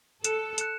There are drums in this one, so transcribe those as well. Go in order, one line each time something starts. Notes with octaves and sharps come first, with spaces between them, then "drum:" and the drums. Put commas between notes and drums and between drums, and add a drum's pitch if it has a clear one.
A4 F#6 C#7 E7, drum: hi-hat
F#6 C#7 E7, drum: hi-hat